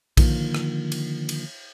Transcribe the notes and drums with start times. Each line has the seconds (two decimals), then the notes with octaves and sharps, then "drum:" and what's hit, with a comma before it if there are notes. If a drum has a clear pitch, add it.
0.17 D3 D#3 F3 A#3, drum: kick A#1, cymbal
0.55 drum: rim click
0.92 drum: cymbal
1.29 drum: cymbal